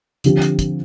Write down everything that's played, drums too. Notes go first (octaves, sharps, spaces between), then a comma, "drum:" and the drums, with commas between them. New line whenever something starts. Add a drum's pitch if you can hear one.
D3 F3 C4 G4, drum: hi-hat
drum: hi-hat
drum: kick, hi-hat